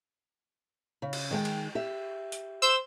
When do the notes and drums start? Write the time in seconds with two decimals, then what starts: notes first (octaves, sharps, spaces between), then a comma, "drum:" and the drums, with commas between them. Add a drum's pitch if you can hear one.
1.02 C#3
1.13 drum: cymbal
1.31 D#3 G#3 G5
1.45 drum: cymbal
1.75 G4 E5
2.32 drum: hi-hat
2.62 C5 E6 G6 E7